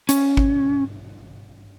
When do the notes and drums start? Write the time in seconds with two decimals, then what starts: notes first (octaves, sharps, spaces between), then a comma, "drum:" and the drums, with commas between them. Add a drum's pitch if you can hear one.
0.09 C#4, drum: hi-hat
0.37 drum: kick